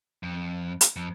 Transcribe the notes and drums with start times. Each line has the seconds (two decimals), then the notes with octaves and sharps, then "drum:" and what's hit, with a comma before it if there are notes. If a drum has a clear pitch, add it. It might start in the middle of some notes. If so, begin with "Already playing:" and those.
0.23 F2
0.81 drum: hi-hat
0.96 F2